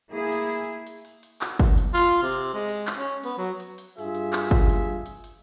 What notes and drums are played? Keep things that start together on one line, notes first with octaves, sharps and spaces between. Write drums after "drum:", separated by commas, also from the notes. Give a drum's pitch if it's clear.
A#3 E4 G#4
drum: hi-hat
drum: open hi-hat
drum: hi-hat
drum: open hi-hat
drum: hi-hat
drum: clap
drum: kick, hi-hat
drum: hi-hat
F4, drum: open hi-hat
C3
drum: hi-hat
G#3
drum: hi-hat
drum: clap
C#4
B3, drum: hi-hat
F#3
drum: hi-hat
drum: hi-hat
G2 F4 G#4 E5, drum: open hi-hat
drum: hi-hat
drum: clap
drum: kick, hi-hat
drum: hi-hat
drum: hi-hat
drum: hi-hat